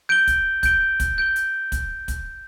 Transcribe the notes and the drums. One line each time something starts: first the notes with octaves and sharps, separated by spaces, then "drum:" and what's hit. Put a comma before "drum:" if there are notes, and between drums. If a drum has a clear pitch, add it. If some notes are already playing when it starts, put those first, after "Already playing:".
G6 D7 G7
drum: kick, hi-hat
G6 D7 G7, drum: kick, hi-hat
drum: kick, hi-hat
G6 D7 G7
drum: hi-hat
drum: kick, hi-hat
drum: kick, hi-hat